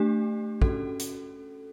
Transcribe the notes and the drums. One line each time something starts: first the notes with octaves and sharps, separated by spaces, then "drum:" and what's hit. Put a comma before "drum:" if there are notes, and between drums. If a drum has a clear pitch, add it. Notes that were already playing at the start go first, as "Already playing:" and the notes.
Already playing: A3 D4 G4
C#4 F#4 A4, drum: kick
drum: hi-hat